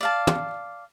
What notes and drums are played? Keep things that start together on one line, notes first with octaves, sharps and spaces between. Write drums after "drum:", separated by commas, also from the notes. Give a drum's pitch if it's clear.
D5 F5 A5
drum: tom